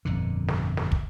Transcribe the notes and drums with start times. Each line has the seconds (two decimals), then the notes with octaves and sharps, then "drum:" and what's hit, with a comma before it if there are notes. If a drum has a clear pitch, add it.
0.05 G1 F2 A#2 D3
0.48 drum: snare
0.77 drum: snare
0.92 drum: kick